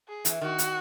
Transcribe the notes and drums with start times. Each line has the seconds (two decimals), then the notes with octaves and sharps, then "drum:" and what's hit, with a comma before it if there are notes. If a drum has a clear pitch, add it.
0.08 G#4
0.25 E3, drum: hi-hat
0.41 D#3 F#4
0.59 drum: hi-hat